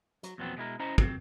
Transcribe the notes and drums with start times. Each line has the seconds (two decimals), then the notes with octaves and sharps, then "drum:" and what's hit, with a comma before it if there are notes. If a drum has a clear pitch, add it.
0.23 F#3, drum: hi-hat
0.38 E2 A#2 F3 F#3 B3 C4
0.57 B2 G#3 E4 A#4
0.80 C#4 E4 C5 D#5 A#5
0.98 F#3 C4, drum: kick